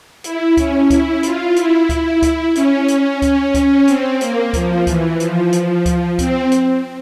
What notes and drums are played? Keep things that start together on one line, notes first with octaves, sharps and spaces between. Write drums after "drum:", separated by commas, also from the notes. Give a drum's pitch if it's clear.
E4, drum: hi-hat
C#4, drum: kick C#2, hi-hat
E4, drum: kick C#2, hi-hat
F4, drum: hi-hat
E4, drum: hi-hat
drum: kick C#2, hi-hat
drum: kick C#2, hi-hat
C#4, drum: hi-hat
C#4, drum: hi-hat
C#4, drum: kick C#2, hi-hat
C#4, drum: kick C#2, hi-hat
C4, drum: hi-hat
A#3, drum: hi-hat
F3, drum: kick C#2, hi-hat
E3, drum: kick C#2, hi-hat
F3, drum: hi-hat
drum: hi-hat
drum: kick C#2, hi-hat
C4, drum: kick C#2, hi-hat
drum: hi-hat